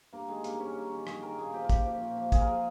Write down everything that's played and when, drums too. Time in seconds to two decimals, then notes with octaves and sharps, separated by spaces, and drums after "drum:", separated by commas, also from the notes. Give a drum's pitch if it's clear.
0.13 G2 A#3
0.28 D#3 G#3
0.44 G2 A#3, drum: hi-hat
0.60 D#3 C#4
0.76 G2
0.91 D#3
1.07 G2 G#4, drum: rim click
1.22 D#3 A#4
1.38 A#2 G#4
1.54 F3 G4
1.64 F4
1.69 A#2 G4, drum: kick, hi-hat
1.86 F3
2.01 A#2
2.17 F3
2.32 A#2 G#4, drum: kick, hi-hat
2.41 A#4
2.48 F3 G#4